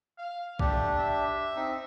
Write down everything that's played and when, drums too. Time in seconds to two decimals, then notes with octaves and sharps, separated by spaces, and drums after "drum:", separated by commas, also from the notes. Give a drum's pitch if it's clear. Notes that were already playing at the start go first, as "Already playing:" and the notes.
0.18 F5
0.59 A3 D4 G4, drum: kick A#1
0.99 E5
1.56 C4 D#4